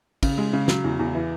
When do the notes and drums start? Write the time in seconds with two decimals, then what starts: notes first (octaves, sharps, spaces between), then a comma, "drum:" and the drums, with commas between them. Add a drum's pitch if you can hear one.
0.23 C#3, drum: kick, cymbal
0.38 G#3
0.53 C#3
0.68 F#3, drum: snare
0.84 E2
0.99 E2
1.14 E3